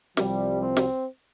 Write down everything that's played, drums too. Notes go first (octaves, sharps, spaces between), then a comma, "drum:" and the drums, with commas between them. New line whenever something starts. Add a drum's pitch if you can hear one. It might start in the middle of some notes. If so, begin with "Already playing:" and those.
C2 C3 F3 G3, drum: snare
C4
drum: snare